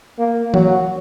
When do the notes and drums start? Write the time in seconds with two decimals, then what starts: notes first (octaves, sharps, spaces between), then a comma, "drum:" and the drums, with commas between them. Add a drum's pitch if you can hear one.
0.19 A#3
0.54 F#3, drum: tom E3